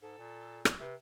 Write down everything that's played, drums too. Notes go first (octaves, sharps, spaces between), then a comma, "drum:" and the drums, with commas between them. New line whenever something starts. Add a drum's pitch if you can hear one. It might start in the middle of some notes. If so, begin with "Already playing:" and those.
G#2 A4
A#2
drum: rim click
C3 B4